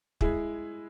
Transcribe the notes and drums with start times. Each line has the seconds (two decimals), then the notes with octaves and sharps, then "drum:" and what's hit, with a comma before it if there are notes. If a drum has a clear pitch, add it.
0.21 G#3 E4 G#4, drum: kick